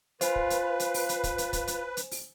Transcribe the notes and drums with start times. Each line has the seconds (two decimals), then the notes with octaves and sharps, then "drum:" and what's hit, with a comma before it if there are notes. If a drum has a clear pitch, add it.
0.21 F4 B4 C5 G#5, drum: hi-hat
0.36 drum: kick
0.50 drum: hi-hat
0.80 drum: hi-hat
0.94 drum: open hi-hat
1.09 drum: hi-hat
1.24 drum: kick, hi-hat
1.38 drum: hi-hat
1.53 drum: kick, hi-hat
1.67 drum: hi-hat
1.97 drum: hi-hat
2.11 drum: open hi-hat